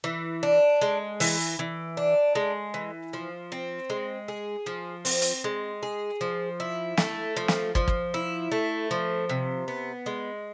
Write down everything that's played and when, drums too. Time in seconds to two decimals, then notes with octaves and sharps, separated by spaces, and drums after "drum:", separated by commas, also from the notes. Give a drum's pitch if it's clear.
0.04 E3
0.43 D4
0.82 G#3
1.20 E3, drum: open hi-hat
1.59 E3
1.97 D4
2.35 G#3
2.74 E3
3.13 F3
3.52 C4
3.90 G#3
4.28 G#4
4.66 F3
5.05 C4, drum: open hi-hat
5.22 drum: hi-hat
5.44 G#3
5.83 G#4
6.21 F3
6.60 E4
6.97 A3, drum: snare
7.37 F3
7.48 drum: snare
7.75 F3, drum: kick
7.88 drum: kick
8.14 E4
8.52 A3
8.91 F3
9.29 C3
9.68 B3
10.06 G#3